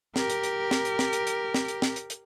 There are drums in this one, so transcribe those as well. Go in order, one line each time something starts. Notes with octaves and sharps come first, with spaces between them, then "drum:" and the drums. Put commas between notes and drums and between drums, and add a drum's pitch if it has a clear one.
G4 A#4, drum: snare
drum: hi-hat
drum: hi-hat
drum: snare
drum: hi-hat
drum: snare
drum: hi-hat
drum: hi-hat
drum: snare
drum: hi-hat
drum: snare
drum: hi-hat
drum: hi-hat